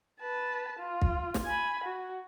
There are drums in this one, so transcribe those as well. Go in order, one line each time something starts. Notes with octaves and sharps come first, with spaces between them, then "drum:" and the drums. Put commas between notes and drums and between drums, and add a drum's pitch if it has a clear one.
B4 A5
F4
drum: kick
drum: snare
G#5 B5
F#4